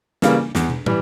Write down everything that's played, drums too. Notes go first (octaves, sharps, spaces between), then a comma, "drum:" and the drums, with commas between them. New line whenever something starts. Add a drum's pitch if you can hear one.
C#3 E3 G3 A#3, drum: snare
E2, drum: snare
drum: tom
E3 G3, drum: tom